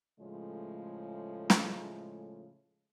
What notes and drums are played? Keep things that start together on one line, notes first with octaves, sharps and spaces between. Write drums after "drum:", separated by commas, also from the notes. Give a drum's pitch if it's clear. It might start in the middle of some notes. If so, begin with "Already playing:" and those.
A2 C#3 F3 G#3 A3
drum: snare